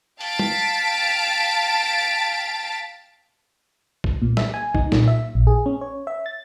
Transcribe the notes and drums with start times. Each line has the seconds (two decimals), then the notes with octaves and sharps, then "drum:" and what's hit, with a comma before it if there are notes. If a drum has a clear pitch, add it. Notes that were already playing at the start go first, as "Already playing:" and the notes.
0.21 F5 G5 A5 A6 B6 D7, drum: open hi-hat
0.39 drum: tom
4.04 drum: kick C2
4.22 A#2
4.37 E5, drum: snare
4.54 G#5
4.75 D#4, drum: kick C2
4.92 A#2, drum: snare
5.08 E5
5.35 A#1
5.47 G#4
5.66 C#4
5.81 C#5
6.07 E5
6.26 A6